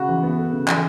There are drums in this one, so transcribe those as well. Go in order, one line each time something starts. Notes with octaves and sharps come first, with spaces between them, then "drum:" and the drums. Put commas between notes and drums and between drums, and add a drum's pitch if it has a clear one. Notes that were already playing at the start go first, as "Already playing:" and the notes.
Already playing: C#3 F#4
E3
B3
A4
C#3
E3, drum: clap